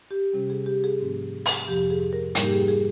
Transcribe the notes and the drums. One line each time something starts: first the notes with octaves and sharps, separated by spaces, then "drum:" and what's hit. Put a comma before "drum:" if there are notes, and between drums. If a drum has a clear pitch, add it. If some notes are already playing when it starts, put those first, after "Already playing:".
G4
C3 G3 C#4
G#4
G4
G#4
G#2 F3 A#3 C#4
drum: open hi-hat
F2 C3 F3 G4
G#4
A#4
G#2 G3 A#3 D#4 A#4, drum: hi-hat
G4
G#4
G#4